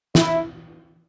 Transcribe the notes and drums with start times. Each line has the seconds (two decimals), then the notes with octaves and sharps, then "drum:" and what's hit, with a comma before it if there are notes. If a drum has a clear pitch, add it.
0.15 E4, drum: snare